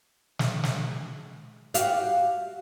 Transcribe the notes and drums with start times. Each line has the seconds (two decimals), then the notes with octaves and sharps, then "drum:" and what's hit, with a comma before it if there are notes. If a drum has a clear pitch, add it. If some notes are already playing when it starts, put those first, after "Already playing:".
0.39 drum: snare
0.63 drum: snare
1.74 F#4 G4 F5, drum: hi-hat